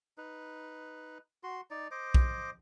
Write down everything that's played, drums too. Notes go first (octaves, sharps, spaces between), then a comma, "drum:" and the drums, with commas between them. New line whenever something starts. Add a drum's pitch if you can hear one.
D#4 B4
F#4 C6
D#4 D5
C5 D#5 D6
drum: kick B1